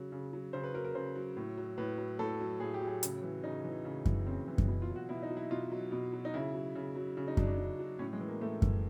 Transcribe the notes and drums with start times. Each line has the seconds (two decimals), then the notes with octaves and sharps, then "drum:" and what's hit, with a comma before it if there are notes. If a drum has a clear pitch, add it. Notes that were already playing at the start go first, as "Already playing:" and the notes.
Already playing: C#3 F#3
0.12 C#3
0.33 F#3
0.53 C#3 C5
0.64 B4
0.73 F#3 A#4
0.85 A#4
0.95 C#3 C5
1.16 F#3
1.37 A2
1.58 F#3
1.78 A2 B4
1.98 F#3
2.19 A2 A4
2.40 F#3
2.60 A2 G#4
2.74 G4
2.81 F#3
2.87 G#4
3.03 C#3, drum: hi-hat
3.23 E3
3.43 C#3 D#4
3.64 E3
3.85 C#3
4.05 E3, drum: kick F#2
4.26 C#3 C4
4.48 E3
4.58 drum: kick F#2
4.68 B2
4.82 F4
4.89 F#3
4.96 F#4
5.09 B2 E4
5.23 D#4
5.31 F#3
5.37 E4
5.50 B2 F4
5.72 F#3
5.92 B2
6.13 F#3
6.25 D#4
6.34 C#3 E4
6.54 F#3
6.75 C#3
6.96 F#3
7.17 C#3
7.28 D#4
7.37 F#3 D4, drum: kick F#2
7.48 D4
7.58 C#3
7.79 F#3
7.99 A2 C#4
8.13 G#3
8.20 E3
8.28 A#3
8.41 A2 A3
8.62 E3, drum: kick F#2